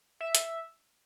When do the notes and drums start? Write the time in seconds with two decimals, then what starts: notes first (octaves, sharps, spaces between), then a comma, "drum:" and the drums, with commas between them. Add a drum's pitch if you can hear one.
0.21 E5
0.35 drum: hi-hat